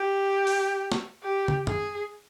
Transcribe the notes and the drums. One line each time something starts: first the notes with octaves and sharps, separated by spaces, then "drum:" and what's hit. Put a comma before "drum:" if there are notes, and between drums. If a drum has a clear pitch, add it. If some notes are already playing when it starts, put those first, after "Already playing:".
Already playing: G4
drum: open hi-hat
drum: snare
G4
drum: tom
G#4, drum: tom F#2